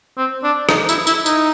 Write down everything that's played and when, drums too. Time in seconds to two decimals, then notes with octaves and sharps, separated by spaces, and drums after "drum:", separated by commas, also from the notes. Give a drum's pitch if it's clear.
0.17 C4
0.44 D4
0.69 D#4, drum: rim click
0.89 E4, drum: tambourine
1.07 E4, drum: tambourine
1.26 D#4, drum: tambourine